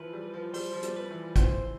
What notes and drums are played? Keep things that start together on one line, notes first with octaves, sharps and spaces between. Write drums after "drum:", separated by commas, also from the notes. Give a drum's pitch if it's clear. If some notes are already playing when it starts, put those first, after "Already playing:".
Already playing: E3 F3 B4
G3
F3
G3 C5, drum: open hi-hat
F3
G3, drum: hi-hat
B4
E3
F3
E3 C5, drum: kick, hi-hat